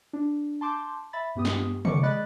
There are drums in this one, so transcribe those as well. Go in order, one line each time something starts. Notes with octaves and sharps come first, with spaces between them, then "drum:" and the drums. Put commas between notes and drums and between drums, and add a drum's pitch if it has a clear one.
D4
A5 C6 D6 G6
E5 B5 A6
G2 B3 G4 D#6
drum: snare
C#6 D6 C#7, drum: tom
G#3 D5 D#5 B5 F#6 A6